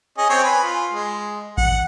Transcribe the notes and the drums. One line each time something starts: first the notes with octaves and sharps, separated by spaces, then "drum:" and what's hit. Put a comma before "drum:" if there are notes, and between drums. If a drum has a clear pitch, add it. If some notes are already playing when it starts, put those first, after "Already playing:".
C#4 G#4 D#5
C4 C5 C#5
B4 G#5
F4
G#3
F#5, drum: kick A1